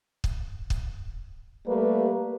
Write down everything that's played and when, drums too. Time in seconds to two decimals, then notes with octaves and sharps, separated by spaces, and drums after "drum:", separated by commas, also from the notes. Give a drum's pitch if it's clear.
0.24 drum: kick
0.70 drum: kick
1.66 G3 A3 A#3 G4 B4